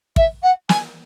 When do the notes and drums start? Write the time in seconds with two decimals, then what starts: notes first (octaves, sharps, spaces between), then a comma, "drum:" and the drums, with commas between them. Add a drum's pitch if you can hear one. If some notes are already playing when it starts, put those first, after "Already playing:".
0.16 E5, drum: kick
0.42 F#5
0.69 G#5, drum: snare